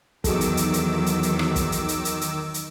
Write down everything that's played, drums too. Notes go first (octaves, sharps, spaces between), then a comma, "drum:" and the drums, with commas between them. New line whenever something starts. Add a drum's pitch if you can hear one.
E2 D#3 F#3 F#4 G#4 A4 D6 E6, drum: kick, hi-hat
drum: hi-hat
drum: hi-hat
drum: hi-hat
drum: hi-hat
drum: hi-hat
drum: rim click
drum: kick, hi-hat
drum: hi-hat
drum: hi-hat
drum: hi-hat
drum: hi-hat
drum: hi-hat